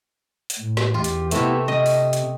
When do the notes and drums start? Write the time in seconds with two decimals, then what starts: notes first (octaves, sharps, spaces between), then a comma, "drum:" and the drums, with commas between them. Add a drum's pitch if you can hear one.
0.50 drum: hi-hat
0.59 A2
0.77 drum: snare
0.94 E2 F4 G4
1.04 drum: hi-hat
1.31 C3 A3 B3 E4 G4, drum: hi-hat
1.68 C3 D#5
1.86 drum: open hi-hat
2.13 drum: hi-hat